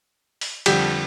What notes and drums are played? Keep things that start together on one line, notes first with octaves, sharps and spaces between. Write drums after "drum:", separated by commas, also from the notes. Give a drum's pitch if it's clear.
drum: open hi-hat
F2 D3 G3 G4, drum: cymbal